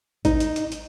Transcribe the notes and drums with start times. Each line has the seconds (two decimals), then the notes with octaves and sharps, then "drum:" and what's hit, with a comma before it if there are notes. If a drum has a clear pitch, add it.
0.25 D#4, drum: kick G#1, hi-hat
0.40 drum: hi-hat
0.56 drum: hi-hat
0.72 drum: hi-hat